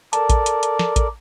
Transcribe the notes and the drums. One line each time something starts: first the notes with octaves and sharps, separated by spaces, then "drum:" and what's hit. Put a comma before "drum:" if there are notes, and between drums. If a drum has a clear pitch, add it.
A4 A#4 D5 A5, drum: hi-hat
drum: kick A1, hi-hat
drum: hi-hat
drum: hi-hat
drum: snare
drum: kick A1, hi-hat